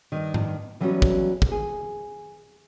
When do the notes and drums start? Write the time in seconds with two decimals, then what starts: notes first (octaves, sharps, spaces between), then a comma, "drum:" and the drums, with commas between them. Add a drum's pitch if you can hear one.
0.12 G2 D#3
0.34 drum: tom G#2
0.80 E3 F#3 G3 B3 C#4 F#4
1.02 drum: kick
1.42 drum: kick
1.52 G#4